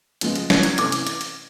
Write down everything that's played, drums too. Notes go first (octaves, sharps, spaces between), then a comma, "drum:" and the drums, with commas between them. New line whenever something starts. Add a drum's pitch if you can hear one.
C#3 F3 G#3 B3, drum: hi-hat
drum: hi-hat
G#6, drum: snare
G#6, drum: hi-hat
C3 E3 A3 C#4 D6, drum: hi-hat
drum: hi-hat
drum: hi-hat
drum: hi-hat